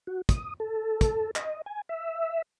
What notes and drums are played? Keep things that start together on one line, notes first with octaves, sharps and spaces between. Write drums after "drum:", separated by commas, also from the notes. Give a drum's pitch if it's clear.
F#4
D#6, drum: kick, hi-hat
A4
drum: kick, hi-hat
D#5, drum: clap
G#5
E5